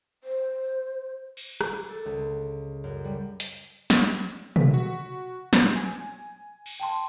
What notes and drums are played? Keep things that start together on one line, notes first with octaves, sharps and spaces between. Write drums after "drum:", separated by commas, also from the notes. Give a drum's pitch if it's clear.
C5
drum: cymbal
D6, drum: rim click
A4
C#2
F#2
G3
drum: hi-hat
drum: snare
B6, drum: tom
F#4
B2, drum: snare
G#5
drum: cymbal
G5 A5 C6